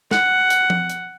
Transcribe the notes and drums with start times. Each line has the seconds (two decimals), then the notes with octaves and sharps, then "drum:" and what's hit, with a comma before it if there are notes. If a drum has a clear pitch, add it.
0.11 F#5, drum: snare
0.50 drum: hi-hat
0.70 drum: tom F3
0.90 drum: hi-hat